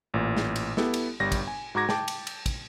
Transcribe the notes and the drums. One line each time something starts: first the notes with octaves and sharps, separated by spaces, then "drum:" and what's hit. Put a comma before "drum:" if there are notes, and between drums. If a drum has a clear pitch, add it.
A1 A#2
drum: snare
drum: cymbal
B3 E4 G4 A4, drum: snare
drum: cymbal
G1 G3 A#6
drum: kick, cymbal
G#5
G#2 F#4 A#5 D6 G#6 A#6
G5 A5 D6, drum: snare
drum: cymbal
drum: cymbal
drum: kick, cymbal